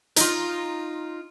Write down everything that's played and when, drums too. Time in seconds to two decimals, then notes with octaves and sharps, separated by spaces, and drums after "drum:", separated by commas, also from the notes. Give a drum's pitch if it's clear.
0.16 D#4 F4, drum: hi-hat